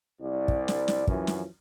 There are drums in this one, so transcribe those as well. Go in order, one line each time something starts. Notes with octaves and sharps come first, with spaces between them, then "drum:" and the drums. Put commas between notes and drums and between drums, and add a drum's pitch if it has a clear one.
C2 D5
drum: kick
drum: snare
drum: snare
F#2 E3 F3, drum: kick
drum: snare